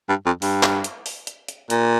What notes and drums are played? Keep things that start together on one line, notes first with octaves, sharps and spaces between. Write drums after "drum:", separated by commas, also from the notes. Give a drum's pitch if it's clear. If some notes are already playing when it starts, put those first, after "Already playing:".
G2
F2
G2, drum: open hi-hat
drum: clap
drum: hi-hat
drum: open hi-hat
drum: hi-hat
drum: hi-hat
A#2, drum: hi-hat